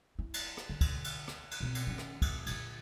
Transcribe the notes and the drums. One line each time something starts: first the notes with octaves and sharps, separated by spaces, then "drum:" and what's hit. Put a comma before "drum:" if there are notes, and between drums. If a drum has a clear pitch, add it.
E4
drum: cymbal
drum: rim click
D3
drum: kick, cymbal
drum: cymbal
drum: rim click
drum: cymbal
B2 C4
drum: cymbal
D#3 C#4
drum: rim click
F2 D#3, drum: kick, cymbal
A#2 D3, drum: cymbal